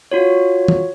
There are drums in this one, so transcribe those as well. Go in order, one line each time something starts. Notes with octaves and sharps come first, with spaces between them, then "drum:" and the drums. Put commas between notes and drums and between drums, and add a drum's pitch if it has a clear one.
F4 F#4 C#5
drum: tom